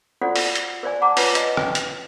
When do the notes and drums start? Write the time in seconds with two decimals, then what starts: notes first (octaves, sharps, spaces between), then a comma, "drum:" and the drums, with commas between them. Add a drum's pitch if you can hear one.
0.22 F4 F#4 A4 C5 D5 F#5
0.36 drum: open hi-hat
0.55 drum: hi-hat
0.83 A#4 C5 D5 G#5
1.02 F#5 A5 A#5 D6
1.17 F4 B4 C#5, drum: open hi-hat
1.35 D#5 G#5, drum: hi-hat
1.57 A#4, drum: rim click
1.75 drum: hi-hat